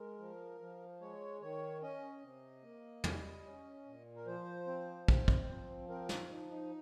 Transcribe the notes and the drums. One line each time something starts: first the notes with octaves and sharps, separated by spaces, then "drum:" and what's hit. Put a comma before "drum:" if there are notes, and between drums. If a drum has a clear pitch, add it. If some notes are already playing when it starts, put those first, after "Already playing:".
Already playing: G#3 A#4
F3
F3
G#3 C#5
D#3 C#5
C#4 D#5
C3
A#3
G3, drum: tom
C#4
A#2
A#4
F3 C5
C4
C4, drum: kick
drum: kick
F3
C4 A#4
F4, drum: snare
F3 D#4
D#4